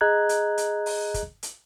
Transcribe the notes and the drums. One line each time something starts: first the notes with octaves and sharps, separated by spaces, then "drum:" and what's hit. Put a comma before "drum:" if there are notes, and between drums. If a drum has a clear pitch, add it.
G#4 D#5 A#5 F#6 G#6
drum: hi-hat
drum: hi-hat
drum: open hi-hat
drum: kick, hi-hat
drum: hi-hat